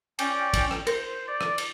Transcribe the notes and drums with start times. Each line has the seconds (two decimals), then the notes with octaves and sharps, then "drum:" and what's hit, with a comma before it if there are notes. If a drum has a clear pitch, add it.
0.19 C#4 D5 G5, drum: cymbal
0.54 drum: kick, cymbal
0.71 drum: rim click
0.87 A#4 C5, drum: cymbal
1.27 D5
1.41 drum: rim click
1.58 drum: cymbal